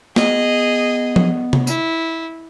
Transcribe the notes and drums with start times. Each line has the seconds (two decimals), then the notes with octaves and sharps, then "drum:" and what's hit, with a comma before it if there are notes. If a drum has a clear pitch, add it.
0.16 B3 G#4 D#5, drum: snare
1.16 drum: tom F3
1.53 drum: tom C3
1.67 E4, drum: tambourine